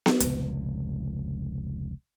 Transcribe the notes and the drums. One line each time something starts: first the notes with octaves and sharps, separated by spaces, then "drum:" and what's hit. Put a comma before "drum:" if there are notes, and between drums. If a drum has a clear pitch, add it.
drum: snare B3
F1 C#2 A#2, drum: hi-hat